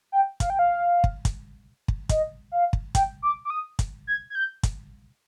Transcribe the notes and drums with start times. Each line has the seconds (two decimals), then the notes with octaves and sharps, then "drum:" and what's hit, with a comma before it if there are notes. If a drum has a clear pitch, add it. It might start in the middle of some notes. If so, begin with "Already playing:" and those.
0.12 G5
0.40 F5, drum: kick, hi-hat
0.50 G5
0.59 F5
1.04 drum: kick
1.25 drum: kick, hi-hat
1.88 drum: kick
2.09 D#5, drum: kick, hi-hat
2.52 F5
2.73 drum: kick
2.95 G5, drum: kick, hi-hat
3.22 D6
3.45 D6
3.50 D#6
3.79 drum: kick, hi-hat
4.07 G#6
4.30 G#6
4.35 G6
4.63 drum: kick, hi-hat